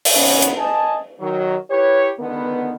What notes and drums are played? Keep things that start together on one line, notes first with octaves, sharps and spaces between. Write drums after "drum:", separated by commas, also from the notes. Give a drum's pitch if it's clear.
drum: open hi-hat
D#2 C3 D#3 B3 C#4
drum: hi-hat
D#5 G#5 A5
D#3 F#3
E4 G4 B4 C#5
C#2 D3 D#3 B3